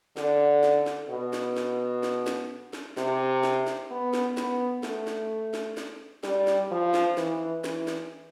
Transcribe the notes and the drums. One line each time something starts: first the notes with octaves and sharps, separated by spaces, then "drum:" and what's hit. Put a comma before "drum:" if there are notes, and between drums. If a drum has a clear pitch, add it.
D3, drum: snare
drum: snare
drum: snare
B2
drum: snare
drum: snare
drum: snare
drum: snare
drum: snare
C3, drum: snare
drum: snare
drum: snare
B3
drum: snare
B3, drum: snare
A3, drum: snare
drum: snare
drum: snare
drum: snare
G3, drum: snare
drum: snare
F3
drum: snare
E3, drum: snare
E3, drum: snare
drum: snare